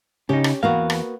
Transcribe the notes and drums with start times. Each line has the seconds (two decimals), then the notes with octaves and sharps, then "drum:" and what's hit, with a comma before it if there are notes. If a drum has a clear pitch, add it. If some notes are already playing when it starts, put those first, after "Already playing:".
0.29 C#3 C#4 D#4 G4
0.44 drum: rim click
0.63 E2 A#3 B3 F#4 F5
0.90 drum: rim click